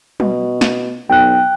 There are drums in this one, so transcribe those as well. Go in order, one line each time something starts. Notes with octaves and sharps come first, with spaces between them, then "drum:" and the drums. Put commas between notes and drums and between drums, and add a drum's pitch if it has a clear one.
B2, drum: tom F#3
drum: snare
B1 G5 F#6